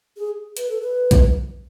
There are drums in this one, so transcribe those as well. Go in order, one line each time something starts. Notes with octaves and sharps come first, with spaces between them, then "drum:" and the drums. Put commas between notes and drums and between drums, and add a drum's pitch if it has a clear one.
G#4
B4, drum: hi-hat
A4
B4
drum: kick A#1, hi-hat